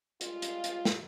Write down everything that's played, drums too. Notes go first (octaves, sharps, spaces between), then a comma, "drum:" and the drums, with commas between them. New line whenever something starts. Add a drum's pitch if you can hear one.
G3 G#3 F4, drum: hi-hat
drum: hi-hat
drum: hi-hat
drum: snare